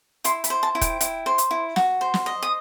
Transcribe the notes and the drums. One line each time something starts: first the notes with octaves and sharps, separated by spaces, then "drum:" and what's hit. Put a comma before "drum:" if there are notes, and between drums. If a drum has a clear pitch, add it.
E4 C6, drum: hi-hat
B5, drum: hi-hat
C5
A5
E4
G5, drum: kick, hi-hat
E4, drum: hi-hat
C5
drum: hi-hat
E4
F#4, drum: snare
C5
drum: snare
D#5
D#6